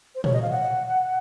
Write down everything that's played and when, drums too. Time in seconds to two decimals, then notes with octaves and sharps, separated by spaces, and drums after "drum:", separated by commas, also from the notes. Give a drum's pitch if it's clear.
0.15 C5
0.24 C#5, drum: tom A#2
0.33 D#5
0.42 F5
0.50 F#5